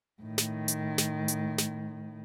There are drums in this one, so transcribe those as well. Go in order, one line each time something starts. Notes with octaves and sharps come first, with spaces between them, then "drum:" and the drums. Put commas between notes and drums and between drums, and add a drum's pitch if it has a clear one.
A2 D#3
drum: snare
drum: hi-hat
drum: snare
drum: hi-hat
drum: snare